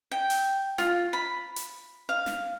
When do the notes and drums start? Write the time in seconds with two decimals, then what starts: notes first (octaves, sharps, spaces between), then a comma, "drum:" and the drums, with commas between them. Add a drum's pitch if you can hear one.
0.11 G5
0.30 drum: open hi-hat
0.78 F4, drum: snare
1.13 B5
1.56 drum: hi-hat
2.09 F5
2.26 drum: snare